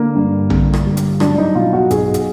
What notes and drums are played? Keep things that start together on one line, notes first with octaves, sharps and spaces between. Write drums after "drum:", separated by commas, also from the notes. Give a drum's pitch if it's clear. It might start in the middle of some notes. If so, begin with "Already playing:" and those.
Already playing: D3 A#3
G2
G1, drum: tom A#1
drum: rim click
G3
drum: hi-hat
F#3 D4, drum: rim click
D#4
B2 F4
F#4
B1 G#4, drum: hi-hat
drum: hi-hat